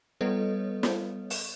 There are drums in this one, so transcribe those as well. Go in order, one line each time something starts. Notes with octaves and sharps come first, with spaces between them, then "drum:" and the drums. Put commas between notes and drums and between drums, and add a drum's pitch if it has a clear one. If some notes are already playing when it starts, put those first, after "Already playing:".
G3 B3 A4 B4 C#5 D#5
drum: snare
drum: open hi-hat